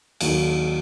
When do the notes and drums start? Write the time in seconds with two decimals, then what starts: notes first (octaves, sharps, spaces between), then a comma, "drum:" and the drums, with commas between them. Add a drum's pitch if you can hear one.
0.21 D#2 D#3 F#3, drum: cymbal